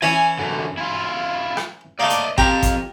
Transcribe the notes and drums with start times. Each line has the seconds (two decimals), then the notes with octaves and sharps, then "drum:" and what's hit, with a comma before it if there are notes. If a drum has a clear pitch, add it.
0.02 E3 C#4 G#5
0.39 F#2 D3
0.78 E4 F4
1.57 drum: rim click
2.00 A3 A#3 D5 D#5
2.10 drum: hi-hat
2.38 C4 F4 G4 A#4, drum: kick G1
2.63 drum: kick G1, hi-hat